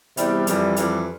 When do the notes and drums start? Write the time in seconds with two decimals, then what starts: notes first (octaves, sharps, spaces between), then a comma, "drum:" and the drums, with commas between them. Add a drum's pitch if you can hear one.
0.17 E2 C3 G3, drum: hi-hat
0.47 F2 E3 G3, drum: hi-hat
0.76 F2 E3 G3, drum: hi-hat